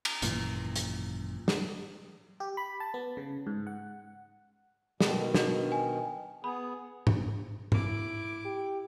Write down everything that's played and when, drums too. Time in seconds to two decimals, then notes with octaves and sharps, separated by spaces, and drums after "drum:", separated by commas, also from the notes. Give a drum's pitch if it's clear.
0.05 drum: cymbal
0.22 G#1 F#2 A#2 E3, drum: hi-hat
0.76 drum: hi-hat
1.48 drum: snare
2.40 G4
2.57 B5
2.80 A5
2.94 B3
3.17 C#3
3.47 G#2
3.67 F#5
5.01 B2 D#3, drum: snare
5.34 D4 F#4, drum: snare
5.72 G#5
6.44 B3 G#4 B5
7.07 drum: tom G#2
7.72 E4 D6, drum: tom G#2
8.45 G4